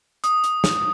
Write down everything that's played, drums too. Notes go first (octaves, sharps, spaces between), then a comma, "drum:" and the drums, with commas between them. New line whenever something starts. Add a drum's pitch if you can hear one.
D#6, drum: hi-hat
drum: hi-hat
drum: snare